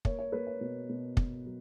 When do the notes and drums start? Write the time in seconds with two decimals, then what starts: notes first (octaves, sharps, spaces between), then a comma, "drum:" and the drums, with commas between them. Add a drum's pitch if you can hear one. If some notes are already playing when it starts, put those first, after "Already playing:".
0.05 A#3 C#5, drum: kick
0.19 C#5
0.32 A#3 B4
0.47 C#5
0.61 B2
0.89 B2
1.17 B2, drum: kick
1.45 F#3